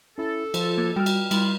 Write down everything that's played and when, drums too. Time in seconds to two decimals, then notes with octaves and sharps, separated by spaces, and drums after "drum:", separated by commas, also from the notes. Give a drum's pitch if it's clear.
0.18 C#4 E4 A4
0.54 F3 F4, drum: cymbal
0.78 A#3
0.96 G3 F#4 G5 F6
1.06 drum: cymbal
1.31 G3 E4 F4 F#7, drum: cymbal